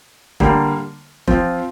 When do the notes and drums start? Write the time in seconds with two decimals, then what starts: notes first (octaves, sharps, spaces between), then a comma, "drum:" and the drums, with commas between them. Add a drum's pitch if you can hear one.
0.40 D3 G3 A#3, drum: kick F1
1.27 F3 C4 F4, drum: kick F1